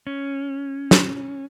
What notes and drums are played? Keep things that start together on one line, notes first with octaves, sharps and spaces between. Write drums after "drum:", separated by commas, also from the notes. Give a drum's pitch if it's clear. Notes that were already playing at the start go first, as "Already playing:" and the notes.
C#4
drum: snare